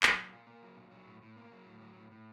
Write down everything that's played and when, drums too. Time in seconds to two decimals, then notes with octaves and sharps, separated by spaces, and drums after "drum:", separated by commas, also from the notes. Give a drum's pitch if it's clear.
0.03 F#3, drum: clap
0.18 A#2
0.32 F4
0.47 A#3
0.62 F#3
0.77 A#2
0.91 F#3
1.07 A2
1.22 A2
1.37 A#3
1.52 F#3
1.66 A2
1.81 F#3
1.96 A2
2.11 A2